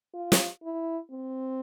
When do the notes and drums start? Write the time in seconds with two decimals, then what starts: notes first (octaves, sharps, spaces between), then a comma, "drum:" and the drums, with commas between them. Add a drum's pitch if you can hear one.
0.14 F4
0.32 drum: snare
0.63 E4
1.11 C4